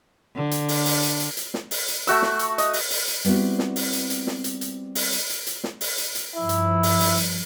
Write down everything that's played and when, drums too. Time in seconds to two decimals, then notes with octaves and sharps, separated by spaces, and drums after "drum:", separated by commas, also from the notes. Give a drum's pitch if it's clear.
0.36 D3
0.51 drum: hi-hat
0.68 drum: open hi-hat
0.86 drum: open hi-hat
1.03 drum: hi-hat
1.20 drum: hi-hat
1.37 drum: hi-hat
1.54 drum: snare
1.71 drum: open hi-hat
1.88 drum: hi-hat
2.07 A3 F#4 E6, drum: hi-hat
2.22 drum: snare
2.39 drum: hi-hat
2.58 D#5, drum: hi-hat
2.73 drum: open hi-hat
2.90 drum: open hi-hat
3.07 drum: hi-hat
3.25 G3 B3 C4 E4 F#4, drum: hi-hat
3.59 drum: snare
3.76 drum: open hi-hat
3.93 drum: hi-hat
4.10 drum: hi-hat
4.27 drum: snare
4.44 drum: hi-hat
4.61 drum: hi-hat
4.95 drum: open hi-hat
5.12 drum: hi-hat
5.29 drum: hi-hat
5.47 drum: hi-hat
5.64 drum: snare
5.81 drum: open hi-hat
5.98 drum: hi-hat
6.15 drum: hi-hat
6.36 G2 F3 E4
6.49 drum: hi-hat
6.83 drum: open hi-hat
7.00 drum: open hi-hat
7.17 drum: hi-hat